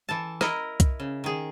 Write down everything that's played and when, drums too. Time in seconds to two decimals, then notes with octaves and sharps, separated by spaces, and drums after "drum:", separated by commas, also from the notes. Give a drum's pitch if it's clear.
0.09 E3 A4 A5
0.41 E4 A#4 D#5, drum: rim click
0.80 drum: kick C2, hi-hat
1.00 C#3
1.24 D#3 G#4